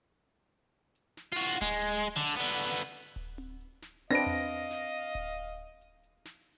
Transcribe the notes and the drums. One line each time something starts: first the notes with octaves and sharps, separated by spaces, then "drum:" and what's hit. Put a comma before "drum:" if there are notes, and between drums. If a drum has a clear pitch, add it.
drum: hi-hat
drum: snare
F4 F#4
G#3, drum: kick D1, hi-hat
drum: hi-hat
D3
D3 B3
drum: hi-hat
drum: snare
drum: hi-hat
drum: kick D1, hi-hat
drum: tom C4
drum: hi-hat
drum: snare
C4 D4 B4 D#5 F5 A#6 D7
drum: tom E2
drum: hi-hat
drum: snare
drum: hi-hat
drum: kick D1, hi-hat
drum: open hi-hat
drum: hi-hat
drum: hi-hat
drum: snare